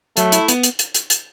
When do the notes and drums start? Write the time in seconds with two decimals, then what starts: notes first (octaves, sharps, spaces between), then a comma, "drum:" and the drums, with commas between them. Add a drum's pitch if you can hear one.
0.17 F#3 A3, drum: hi-hat
0.32 E4, drum: hi-hat
0.48 B3, drum: hi-hat
0.63 drum: hi-hat
0.79 drum: hi-hat
0.94 drum: hi-hat
1.10 drum: hi-hat